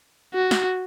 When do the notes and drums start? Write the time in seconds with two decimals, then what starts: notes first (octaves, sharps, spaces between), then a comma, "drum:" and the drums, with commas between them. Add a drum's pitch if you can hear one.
0.34 F#4
0.51 drum: snare